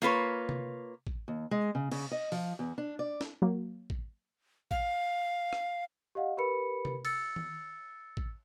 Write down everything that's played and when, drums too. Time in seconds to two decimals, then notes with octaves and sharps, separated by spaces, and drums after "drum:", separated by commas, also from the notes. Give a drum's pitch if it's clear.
0.02 A#3 F4 B4 C#5
0.49 drum: tom C3
1.07 drum: kick
1.28 D#2
1.51 G#3
1.75 C#3
1.91 C#3, drum: cymbal
2.12 D#5
2.32 F3, drum: open hi-hat
2.59 E2
2.78 D4
2.99 D5
3.21 drum: snare
3.42 F#3 A#3
3.90 drum: kick
4.71 F5, drum: kick
5.53 drum: rim click
6.15 G4 D#5 F5 F#5
6.37 G4 A#4 B4 B5 C#7
6.85 drum: tom C3
7.05 E6 A6 C#7, drum: cymbal
7.36 drum: tom
8.17 drum: kick